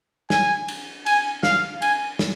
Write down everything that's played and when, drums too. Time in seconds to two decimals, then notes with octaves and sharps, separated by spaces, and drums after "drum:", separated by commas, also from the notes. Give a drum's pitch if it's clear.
0.30 G#5, drum: snare
0.68 drum: cymbal
1.06 G#5, drum: cymbal
1.43 F5, drum: snare
1.82 G#5, drum: cymbal
2.19 drum: snare